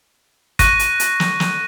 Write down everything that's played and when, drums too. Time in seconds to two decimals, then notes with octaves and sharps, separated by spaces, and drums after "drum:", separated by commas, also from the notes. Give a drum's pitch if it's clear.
0.59 C#6 F#6 A#6 D#7, drum: kick, hi-hat
0.79 drum: hi-hat
1.00 drum: hi-hat
1.20 drum: snare
1.40 drum: snare